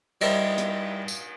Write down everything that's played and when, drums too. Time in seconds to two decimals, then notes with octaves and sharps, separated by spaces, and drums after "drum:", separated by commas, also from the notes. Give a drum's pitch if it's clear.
0.21 G3 D#4 E4 A#4 C5 F5, drum: cymbal
0.58 drum: hi-hat
1.08 drum: tambourine